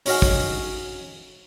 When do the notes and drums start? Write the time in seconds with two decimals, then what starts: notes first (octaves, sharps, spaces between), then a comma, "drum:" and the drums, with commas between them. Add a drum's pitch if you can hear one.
0.06 C#4 D#4 F#4 D#5 F5 G#5, drum: open hi-hat
0.22 drum: kick